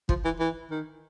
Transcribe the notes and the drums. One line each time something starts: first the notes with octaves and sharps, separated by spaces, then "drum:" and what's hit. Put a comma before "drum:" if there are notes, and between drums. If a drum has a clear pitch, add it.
F3, drum: kick
E3
E3
D#3